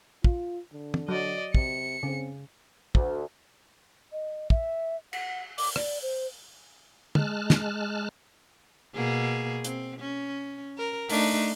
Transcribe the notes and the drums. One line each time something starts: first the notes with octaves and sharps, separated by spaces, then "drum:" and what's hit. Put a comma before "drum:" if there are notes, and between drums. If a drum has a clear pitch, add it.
F4, drum: kick
D3
drum: tom
F#3 D5 D#5
C3 C#7, drum: kick
C#3 C4
D2, drum: kick
D#5
E5, drum: kick
F#5, drum: cymbal
D6, drum: open hi-hat
D5, drum: rim click
C5
G#3 A5 F6 F#6, drum: tom
drum: snare
B2 A#3 G#4
C4, drum: hi-hat
C#4
A#4
A3 D4 D#4, drum: open hi-hat